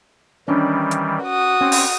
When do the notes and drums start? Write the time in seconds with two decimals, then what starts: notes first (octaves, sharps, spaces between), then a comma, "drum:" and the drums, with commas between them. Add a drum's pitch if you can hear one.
0.48 D#3 E3 G3 C#4 D4
0.91 drum: hi-hat
1.24 F#4 D#6
1.61 C4 C#4
1.72 drum: open hi-hat